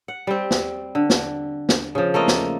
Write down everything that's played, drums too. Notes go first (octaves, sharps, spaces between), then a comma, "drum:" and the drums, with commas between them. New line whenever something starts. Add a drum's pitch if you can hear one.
F#5
G3 C4
drum: snare
D3
drum: snare
drum: snare
C#3 F3
A3 A#3 F4 D#5
drum: snare